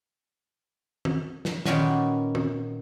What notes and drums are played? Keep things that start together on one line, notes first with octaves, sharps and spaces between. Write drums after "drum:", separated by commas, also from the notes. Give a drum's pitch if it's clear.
drum: tom
drum: snare
A#2 D#3 B3 C#4 F#4, drum: snare
drum: tom